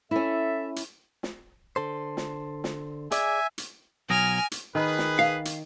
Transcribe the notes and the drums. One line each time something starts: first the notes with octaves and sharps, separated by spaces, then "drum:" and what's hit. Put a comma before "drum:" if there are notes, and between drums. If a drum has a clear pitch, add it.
C#4 E4 A4 E5
drum: hi-hat
drum: snare
D3 A4 C5
drum: snare
drum: snare
G#4 D5 E5 G#5, drum: hi-hat
drum: hi-hat
B1 F#3 G#5 D#6 F6 A#6 D7
drum: hi-hat
D#3 G#4 B4
drum: snare
F5
drum: hi-hat